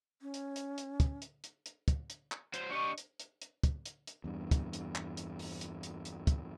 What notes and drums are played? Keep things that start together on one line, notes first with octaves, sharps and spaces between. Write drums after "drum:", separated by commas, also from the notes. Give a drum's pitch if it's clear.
C#4
drum: hi-hat
drum: hi-hat
drum: hi-hat
drum: kick, hi-hat
drum: hi-hat
drum: hi-hat
drum: hi-hat
drum: kick, hi-hat
drum: hi-hat
drum: clap
F#3 C5, drum: hi-hat
D4 G4 D#5 C#6
drum: hi-hat
drum: hi-hat
drum: hi-hat
drum: kick, hi-hat
drum: hi-hat
drum: hi-hat
E2 G2
drum: kick, hi-hat
drum: hi-hat
drum: clap
drum: hi-hat
drum: open hi-hat
drum: hi-hat
drum: hi-hat
drum: hi-hat
drum: kick, hi-hat